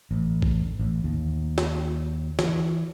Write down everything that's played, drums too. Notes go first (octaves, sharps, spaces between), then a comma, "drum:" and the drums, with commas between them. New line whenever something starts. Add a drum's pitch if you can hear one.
A1
drum: kick A1
A1
D#2
drum: snare
E3, drum: snare